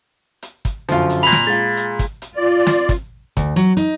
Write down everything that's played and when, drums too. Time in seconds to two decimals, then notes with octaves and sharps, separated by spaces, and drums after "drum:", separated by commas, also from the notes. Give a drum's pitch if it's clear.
0.42 drum: hi-hat
0.65 drum: kick, hi-hat
0.89 F#2 D3 F3 F4, drum: hi-hat
1.10 drum: hi-hat
1.23 A#2 B5 F7
1.32 drum: snare
1.47 G#3 F4 A6
1.77 drum: hi-hat
1.99 drum: kick, hi-hat
2.22 drum: hi-hat
2.36 F4 D5
2.67 drum: snare
2.89 drum: kick, hi-hat
3.37 D2, drum: kick, hi-hat
3.56 F#3, drum: hi-hat
3.77 D#4, drum: hi-hat